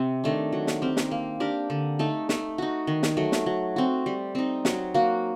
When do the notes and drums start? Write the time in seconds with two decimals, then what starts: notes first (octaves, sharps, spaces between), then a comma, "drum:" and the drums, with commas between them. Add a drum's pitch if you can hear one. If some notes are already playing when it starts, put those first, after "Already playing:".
Already playing: C3 C4
0.24 D#3 A3 D4
0.53 F#3
0.67 drum: snare
0.82 C4 G4 A#4
0.97 drum: snare
1.11 A#3
1.40 D4 G4 A#4
1.70 D3
1.99 A3 D#4 A4
2.29 A3, drum: snare
2.58 D#4 F#4
2.87 D#3
3.03 drum: snare
3.17 F#3 A3
3.32 drum: snare
3.46 F#3
3.76 C4 F#4
4.06 G3
4.35 C4 D#4
4.65 F#3, drum: snare
4.94 A#3 F#4